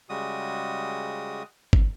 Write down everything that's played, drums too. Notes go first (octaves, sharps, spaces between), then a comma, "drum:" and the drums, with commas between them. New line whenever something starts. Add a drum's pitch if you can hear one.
C#3 G3 G#3 F#4 D#6
drum: kick